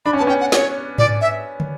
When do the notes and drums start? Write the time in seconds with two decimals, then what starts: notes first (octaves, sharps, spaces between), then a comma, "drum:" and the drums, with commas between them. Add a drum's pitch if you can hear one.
0.05 D4 B5
0.13 C#4
0.18 A5
0.20 B3
0.27 C#4 G5
0.41 F#5
0.52 C#5, drum: snare
0.98 D5, drum: tom G#2
1.21 E5
1.60 drum: tom